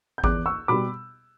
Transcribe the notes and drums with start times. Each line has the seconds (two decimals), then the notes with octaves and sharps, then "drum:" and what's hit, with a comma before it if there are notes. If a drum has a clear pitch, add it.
0.18 G6
0.24 E2 D6 F#6, drum: kick G#1
0.46 C#6 E6
0.68 B2 G3 B5 D6